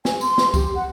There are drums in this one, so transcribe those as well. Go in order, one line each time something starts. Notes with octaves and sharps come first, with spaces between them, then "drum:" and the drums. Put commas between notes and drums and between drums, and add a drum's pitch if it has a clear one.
G#5, drum: snare
C6, drum: tambourine
drum: snare
G4, drum: kick C2, tambourine
F#5